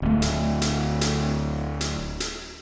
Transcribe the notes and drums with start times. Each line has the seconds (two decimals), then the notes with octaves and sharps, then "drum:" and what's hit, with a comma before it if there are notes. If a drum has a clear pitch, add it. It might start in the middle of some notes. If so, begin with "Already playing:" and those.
0.02 D1 A3
0.22 drum: hi-hat
0.62 drum: hi-hat
1.01 drum: hi-hat
1.81 drum: hi-hat
2.20 drum: hi-hat